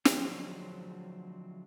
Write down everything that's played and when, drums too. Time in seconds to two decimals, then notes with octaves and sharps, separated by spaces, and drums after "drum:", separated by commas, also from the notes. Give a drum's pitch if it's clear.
0.05 D3 F3 F#3 G#3 A3 C4, drum: snare